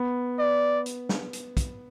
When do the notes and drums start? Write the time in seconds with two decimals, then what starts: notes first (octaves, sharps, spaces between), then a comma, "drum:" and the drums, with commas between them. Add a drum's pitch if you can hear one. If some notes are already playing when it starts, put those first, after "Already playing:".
Already playing: B3
0.39 D5
0.86 drum: hi-hat
1.09 drum: snare
1.33 drum: hi-hat
1.57 drum: kick, hi-hat